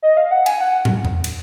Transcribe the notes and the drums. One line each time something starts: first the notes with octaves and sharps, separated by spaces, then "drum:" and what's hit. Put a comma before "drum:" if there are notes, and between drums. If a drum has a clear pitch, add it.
D#5
F5
F#5
G#5, drum: cymbal
F#5
drum: tom
drum: tom E2
drum: cymbal